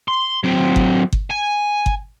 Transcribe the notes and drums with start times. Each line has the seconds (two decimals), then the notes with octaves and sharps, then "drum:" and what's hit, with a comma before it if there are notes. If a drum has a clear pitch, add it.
0.08 C6
0.44 F#3 C4
0.76 drum: kick G1
1.13 drum: kick G1
1.31 G#5
1.86 drum: kick G1